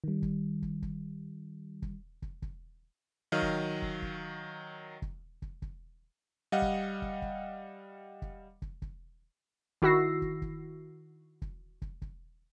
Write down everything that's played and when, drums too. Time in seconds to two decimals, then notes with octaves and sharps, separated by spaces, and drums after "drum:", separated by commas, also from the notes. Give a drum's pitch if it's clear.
0.04 D#3 G3
0.22 drum: kick
0.62 drum: kick
0.82 drum: kick
1.82 drum: kick
2.22 drum: kick
2.42 drum: kick
3.32 D#3 F#3 D#5 F5 F6
3.42 drum: kick
3.82 drum: kick
4.02 drum: kick
5.02 drum: kick
5.42 drum: kick
5.62 drum: kick
6.52 G3 D#5 F5 F#5
6.62 drum: kick
7.02 drum: kick
7.22 drum: kick
8.22 drum: kick
8.62 drum: kick
8.82 drum: kick
9.82 D#3 E4 F#4 E6 A#6 C7, drum: kick
10.22 drum: kick
10.42 drum: kick
11.42 drum: kick
11.82 drum: kick
12.02 drum: kick